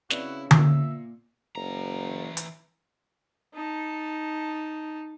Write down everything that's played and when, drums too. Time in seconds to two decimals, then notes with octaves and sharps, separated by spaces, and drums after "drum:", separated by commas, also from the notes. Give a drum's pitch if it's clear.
0.10 C#3 C4 E4 F#4 B4 D5, drum: snare
0.51 A#2 B3 F4 A#4 E5, drum: tom D3
1.56 F#1 E3 A#5
2.37 drum: hi-hat
3.54 D#4 A5